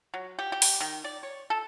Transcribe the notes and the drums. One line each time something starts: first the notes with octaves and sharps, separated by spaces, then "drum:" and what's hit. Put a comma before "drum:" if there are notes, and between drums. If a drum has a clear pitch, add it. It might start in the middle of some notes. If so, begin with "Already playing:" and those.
F#3
G4
G4
drum: open hi-hat
D#3
D5
C#5
A4